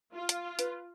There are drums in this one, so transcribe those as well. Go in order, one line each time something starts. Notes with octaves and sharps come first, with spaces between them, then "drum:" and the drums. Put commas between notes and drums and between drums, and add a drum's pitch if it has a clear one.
F4
drum: hi-hat
B4, drum: hi-hat